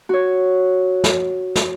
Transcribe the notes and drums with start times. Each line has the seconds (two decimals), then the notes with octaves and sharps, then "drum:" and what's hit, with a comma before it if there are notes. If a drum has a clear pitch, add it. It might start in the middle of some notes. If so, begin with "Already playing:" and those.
0.09 F#4 C#5
1.04 drum: snare
1.56 drum: snare